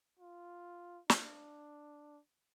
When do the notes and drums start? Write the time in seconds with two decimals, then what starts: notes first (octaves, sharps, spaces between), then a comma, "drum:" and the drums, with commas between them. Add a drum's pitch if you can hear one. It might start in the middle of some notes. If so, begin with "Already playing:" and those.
0.20 F4
1.10 D4, drum: snare